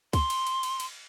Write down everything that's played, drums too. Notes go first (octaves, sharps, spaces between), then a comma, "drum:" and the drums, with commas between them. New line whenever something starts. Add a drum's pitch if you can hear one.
C6, drum: kick C#2, cymbal
drum: cymbal
drum: cymbal
drum: cymbal
drum: cymbal